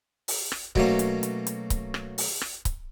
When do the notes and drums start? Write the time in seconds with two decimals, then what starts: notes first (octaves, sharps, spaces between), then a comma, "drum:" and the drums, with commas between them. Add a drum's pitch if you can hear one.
0.28 drum: open hi-hat
0.52 drum: rim click
0.75 B2 F#3 A3 A#3 C#4, drum: kick C#1
0.99 drum: hi-hat
1.23 drum: hi-hat
1.47 drum: hi-hat
1.70 drum: kick C#1, hi-hat
1.94 drum: rim click
2.18 drum: open hi-hat
2.41 drum: rim click
2.65 drum: kick C#1, hi-hat